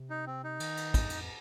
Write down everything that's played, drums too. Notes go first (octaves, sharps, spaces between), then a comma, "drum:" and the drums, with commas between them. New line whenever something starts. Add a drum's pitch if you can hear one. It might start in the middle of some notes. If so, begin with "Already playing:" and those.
Already playing: C3
D#4
C4
D#4
D#3, drum: cymbal
drum: cymbal
F2, drum: kick, cymbal
G2
F2, drum: cymbal